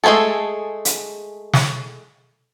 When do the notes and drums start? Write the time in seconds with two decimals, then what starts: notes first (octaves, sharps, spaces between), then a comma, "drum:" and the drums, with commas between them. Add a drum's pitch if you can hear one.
0.04 G#3 A3 B3 G#4 A4
0.85 drum: hi-hat
1.53 drum: snare